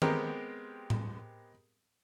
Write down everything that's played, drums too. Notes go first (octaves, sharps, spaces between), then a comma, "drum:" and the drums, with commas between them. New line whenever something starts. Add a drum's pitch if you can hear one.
G#3 B3 C4 G4 A#4, drum: tom D#3
drum: tom A2